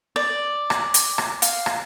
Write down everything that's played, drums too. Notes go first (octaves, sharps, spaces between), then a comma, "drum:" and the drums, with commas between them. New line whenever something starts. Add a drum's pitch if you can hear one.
D5
drum: rim click
drum: hi-hat
drum: rim click
F5, drum: hi-hat
drum: rim click